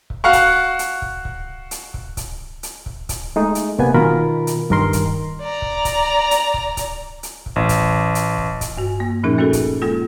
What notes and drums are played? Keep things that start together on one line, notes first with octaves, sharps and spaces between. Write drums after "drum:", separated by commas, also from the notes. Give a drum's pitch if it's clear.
drum: kick C#1
F#4 F5 F#5 C#6
drum: kick C#1, hi-hat
drum: hi-hat
drum: kick C#1
drum: kick C#1
drum: hi-hat
drum: kick C#1
drum: kick C#1, hi-hat
drum: hi-hat
drum: kick C#1
drum: kick C#1, hi-hat
G#3 A3 D#4
drum: hi-hat
C3 A#3 B3 G#5, drum: kick C#1
B2 D#3 F4 A#4 B5
drum: hi-hat
G2 D#3 A#4 C6, drum: kick C#1
drum: kick C#1, hi-hat
D5 A#5
drum: kick C#1
drum: kick C#1, hi-hat
drum: hi-hat
drum: kick C#1
drum: kick C#1, hi-hat
drum: hi-hat
drum: kick C#1
A1
drum: kick C#1, hi-hat
drum: hi-hat
drum: kick C#1
drum: kick C#1, hi-hat
G2 F#4
A#3
A#2 F3 C#4 D#4 G#4 A#4
A3 C#4 F#4 G#4 A4
drum: kick C#1, hi-hat
G#3 A#3 F4 A4